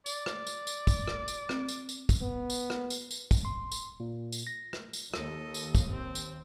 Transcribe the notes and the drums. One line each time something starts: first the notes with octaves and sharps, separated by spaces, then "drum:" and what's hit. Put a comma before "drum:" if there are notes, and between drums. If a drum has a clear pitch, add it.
D5, drum: tambourine
drum: rim click
drum: tambourine
drum: tambourine
drum: kick, tambourine
drum: rim click
drum: tambourine
C4, drum: rim click
drum: tambourine
drum: tambourine
drum: kick, tambourine
B3
drum: tambourine
drum: rim click
drum: tambourine
drum: tambourine
drum: kick, tambourine
C6
drum: tambourine
A#2
drum: tambourine
A#6
drum: rim click
drum: tambourine
D#2 A4 D#5, drum: rim click
drum: tambourine
drum: kick, tambourine
C4
drum: tambourine